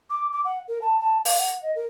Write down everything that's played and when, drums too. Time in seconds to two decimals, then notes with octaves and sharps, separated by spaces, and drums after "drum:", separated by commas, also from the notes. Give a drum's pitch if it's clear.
0.10 D6
0.32 D6
0.45 F#5
0.68 A#4
0.81 A5
1.00 A5
1.25 F5, drum: open hi-hat
1.38 F#5
1.62 D#5
1.75 A#4